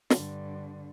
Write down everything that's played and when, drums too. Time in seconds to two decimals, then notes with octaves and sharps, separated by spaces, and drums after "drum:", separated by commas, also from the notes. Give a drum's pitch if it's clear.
0.10 G2 D3, drum: snare